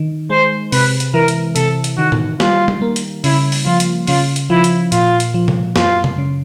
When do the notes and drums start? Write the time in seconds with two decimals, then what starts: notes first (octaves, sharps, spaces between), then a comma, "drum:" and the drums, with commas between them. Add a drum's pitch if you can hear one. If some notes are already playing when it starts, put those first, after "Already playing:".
Already playing: D#3
0.30 G#3 C5
0.72 C3 B4, drum: open hi-hat
1.00 drum: hi-hat
1.14 E3 A#4
1.28 drum: hi-hat
1.56 C3 A4, drum: hi-hat
1.84 drum: hi-hat
1.97 D#3 F#4
2.12 drum: tom A2
2.40 G3 F4, drum: snare
2.68 drum: tom
2.82 A#3
2.96 drum: hi-hat
3.24 C#3 E4, drum: open hi-hat
3.52 drum: open hi-hat
3.66 F3 F4
3.80 drum: hi-hat
4.07 C#3 F4, drum: open hi-hat
4.36 drum: hi-hat
4.50 F3 E4
4.64 drum: hi-hat
4.92 A#2 F4, drum: hi-hat
5.20 drum: hi-hat
5.34 F3
5.48 drum: tom C3
5.76 F#2 F4, drum: snare
6.04 drum: tom C3
6.18 C#3